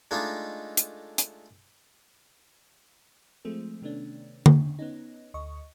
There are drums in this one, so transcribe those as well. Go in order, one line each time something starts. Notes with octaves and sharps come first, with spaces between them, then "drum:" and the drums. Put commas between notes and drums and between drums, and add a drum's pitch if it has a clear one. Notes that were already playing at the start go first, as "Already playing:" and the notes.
G#3 A3 D4 D#4 F4
drum: hi-hat
drum: hi-hat
F3 G#3 A3 C4 G#4
C3 D#3 A3 B3 C#4 D4
drum: tom D3
B3 C#4 D#4
D2 D#5 C#6